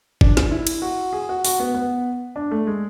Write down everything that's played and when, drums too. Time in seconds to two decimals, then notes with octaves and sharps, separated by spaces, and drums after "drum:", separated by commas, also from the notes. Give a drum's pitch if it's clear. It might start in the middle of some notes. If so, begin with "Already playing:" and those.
0.21 D4, drum: kick
0.37 drum: snare
0.51 E4
0.67 drum: cymbal
0.82 F#4
1.13 G#4
1.29 F#4
1.45 F#4, drum: open hi-hat
1.60 B3
1.74 B3
2.36 D4
2.51 A3
2.67 G#3